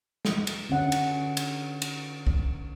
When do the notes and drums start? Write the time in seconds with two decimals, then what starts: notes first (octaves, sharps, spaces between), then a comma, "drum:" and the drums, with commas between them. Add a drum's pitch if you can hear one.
0.25 drum: snare
0.47 drum: cymbal
0.70 D3 C#4 F#5
0.92 drum: cymbal
1.37 drum: cymbal
1.82 drum: cymbal
2.27 drum: kick